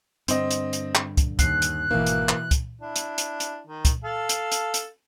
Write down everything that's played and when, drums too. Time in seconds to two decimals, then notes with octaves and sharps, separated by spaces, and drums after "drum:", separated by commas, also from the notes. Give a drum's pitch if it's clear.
0.28 G2 D3 C4 D#5, drum: hi-hat
0.51 drum: hi-hat
0.73 drum: hi-hat
0.95 drum: clap
1.17 drum: kick, hi-hat
1.39 D#2 F#6 C7, drum: kick, hi-hat
1.62 drum: hi-hat
1.91 D#1 G#1 B2 E3 A#3
2.07 drum: hi-hat
2.29 drum: clap
2.51 drum: kick, hi-hat
2.81 D4 E4
2.96 drum: hi-hat
3.18 drum: hi-hat
3.40 drum: hi-hat
3.67 D#3
3.85 drum: kick, hi-hat
4.04 A4 F5 A5
4.29 drum: hi-hat
4.52 drum: hi-hat
4.74 drum: hi-hat